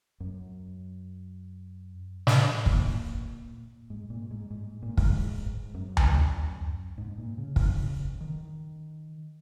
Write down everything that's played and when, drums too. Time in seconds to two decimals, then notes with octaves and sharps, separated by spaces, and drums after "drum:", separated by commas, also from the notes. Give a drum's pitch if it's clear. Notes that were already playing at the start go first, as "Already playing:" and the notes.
0.20 F#2
2.27 drum: snare
2.66 A#2, drum: kick
3.90 G#2
4.10 A#2
4.31 G#2
4.51 G#2
4.83 A#2
4.97 G#2, drum: kick
5.74 F#2
5.97 drum: tom D2
6.98 G#2
7.18 A#2
7.38 C#3
7.56 drum: kick
8.21 D#3